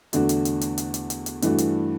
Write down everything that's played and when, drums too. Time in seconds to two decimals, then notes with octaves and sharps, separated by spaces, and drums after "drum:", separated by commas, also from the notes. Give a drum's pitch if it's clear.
0.13 E2 D3 A3 D4 F#4, drum: hi-hat
0.29 drum: hi-hat
0.45 drum: hi-hat
0.61 drum: hi-hat
0.78 drum: hi-hat
0.94 drum: hi-hat
1.10 drum: hi-hat
1.26 drum: hi-hat
1.42 G2 E3 A3 D4 F#4, drum: hi-hat
1.58 drum: hi-hat